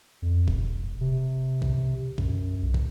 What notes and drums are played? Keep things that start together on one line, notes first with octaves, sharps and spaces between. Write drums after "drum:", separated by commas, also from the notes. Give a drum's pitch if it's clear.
F2
E1, drum: kick
C3
drum: kick
F#2, drum: kick
B1
drum: kick